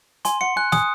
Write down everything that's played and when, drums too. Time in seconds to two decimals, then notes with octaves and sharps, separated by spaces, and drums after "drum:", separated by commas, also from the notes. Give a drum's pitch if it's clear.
0.25 G#5 C6, drum: hi-hat
0.41 F#5 C#7
0.56 G#5 F#6
0.72 G#5 D#6, drum: snare